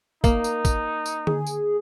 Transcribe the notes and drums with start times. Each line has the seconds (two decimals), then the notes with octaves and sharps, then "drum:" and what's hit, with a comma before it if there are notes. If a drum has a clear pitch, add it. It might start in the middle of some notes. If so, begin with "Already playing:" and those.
0.24 A#3 D#4, drum: kick, tambourine
0.44 drum: tambourine
0.65 drum: kick, tambourine
1.06 drum: tambourine
1.27 G#4, drum: tom D3
1.47 drum: tambourine